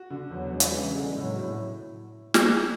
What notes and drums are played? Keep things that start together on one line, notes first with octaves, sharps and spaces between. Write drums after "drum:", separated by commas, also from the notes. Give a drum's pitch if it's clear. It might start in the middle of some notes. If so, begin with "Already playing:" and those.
Already playing: F#4
D3
E2 F#3
G#3
E3, drum: hi-hat
C#3
D3
G#3
A2 F#3
A2
drum: snare